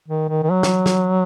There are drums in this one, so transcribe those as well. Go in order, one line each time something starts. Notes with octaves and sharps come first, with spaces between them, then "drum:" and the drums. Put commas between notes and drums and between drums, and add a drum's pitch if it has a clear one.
D#3
D#3
D#3
F#3
drum: snare
drum: snare